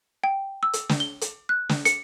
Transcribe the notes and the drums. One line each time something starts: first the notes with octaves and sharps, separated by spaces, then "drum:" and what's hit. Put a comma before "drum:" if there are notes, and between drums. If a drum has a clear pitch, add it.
G5
E6
drum: hi-hat
drum: snare
G7
drum: hi-hat
F#6
drum: snare
C#7, drum: hi-hat